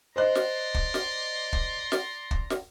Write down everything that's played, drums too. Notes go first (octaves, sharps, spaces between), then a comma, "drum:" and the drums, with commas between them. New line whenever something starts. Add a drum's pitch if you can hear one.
C5 D5 D#5 A#5 C6 F#6
drum: snare
drum: kick
drum: snare
drum: kick
drum: snare
drum: kick
drum: snare